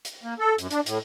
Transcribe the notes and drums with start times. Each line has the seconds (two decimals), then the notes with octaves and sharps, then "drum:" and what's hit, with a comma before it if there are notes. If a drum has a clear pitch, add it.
0.05 drum: hi-hat
0.23 A#3
0.39 A4
0.58 F#2, drum: hi-hat
0.71 D4, drum: hi-hat
0.86 A2, drum: hi-hat